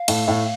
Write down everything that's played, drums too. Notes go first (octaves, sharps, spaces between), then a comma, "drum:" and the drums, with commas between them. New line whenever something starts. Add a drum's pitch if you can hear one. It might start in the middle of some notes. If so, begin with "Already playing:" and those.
Already playing: F5
A2 A3, drum: cymbal
A2 A3